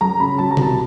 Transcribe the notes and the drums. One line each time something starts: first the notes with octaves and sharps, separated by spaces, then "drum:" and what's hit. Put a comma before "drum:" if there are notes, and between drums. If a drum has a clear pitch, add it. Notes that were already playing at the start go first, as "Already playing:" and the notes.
F#2 A#5
C#3 B5
F#3 A5
A#5
C2, drum: tom B2
A5